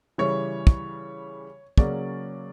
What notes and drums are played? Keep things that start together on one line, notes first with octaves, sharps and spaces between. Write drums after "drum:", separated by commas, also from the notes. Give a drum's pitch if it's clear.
C#3 E3 G3 C#5
drum: kick
C#3 F#3 A#3 C#4 D5, drum: kick